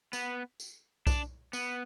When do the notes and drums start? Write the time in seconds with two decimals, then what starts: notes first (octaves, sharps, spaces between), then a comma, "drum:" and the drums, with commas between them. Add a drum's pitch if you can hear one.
0.13 B3, drum: tambourine
0.60 drum: tambourine
1.07 D4, drum: kick B1, tambourine
1.53 B3, drum: tambourine